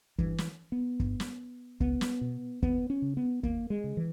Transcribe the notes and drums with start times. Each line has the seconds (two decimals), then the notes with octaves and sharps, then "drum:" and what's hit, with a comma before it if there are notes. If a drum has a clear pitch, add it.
0.18 G2 E3, drum: kick
0.38 drum: snare
0.72 B3
1.00 G2, drum: kick
1.20 drum: snare
1.80 C#2 B3, drum: kick
2.01 drum: snare
2.21 B2
2.62 D#2 B3, drum: kick
2.90 C#4
3.02 C#3
3.17 B3
3.43 D#2 A#3, drum: kick
3.70 G#3
3.84 C#3
3.97 E3